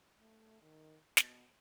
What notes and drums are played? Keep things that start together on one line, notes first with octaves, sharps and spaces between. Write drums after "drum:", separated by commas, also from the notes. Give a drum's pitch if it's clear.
A3
D#3
B2, drum: snare